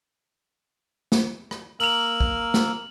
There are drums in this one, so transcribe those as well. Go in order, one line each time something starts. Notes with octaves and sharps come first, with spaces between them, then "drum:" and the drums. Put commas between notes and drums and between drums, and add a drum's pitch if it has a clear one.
drum: snare
drum: rim click
A#3 A#4 E6 F7 F#7, drum: open hi-hat
drum: kick
drum: snare